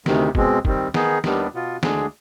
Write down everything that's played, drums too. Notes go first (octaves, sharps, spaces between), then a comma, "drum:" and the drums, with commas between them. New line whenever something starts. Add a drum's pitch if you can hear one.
D2 C3 D#3, drum: snare
B2 G#3 C4, drum: kick
D#3 G3 C4, drum: kick
D#3 B3 D#4 G#4, drum: snare
D#2 D#3 G3 B3 D4, drum: snare
B2 B3 F4
D2 D3 G#3 D4 G#4, drum: snare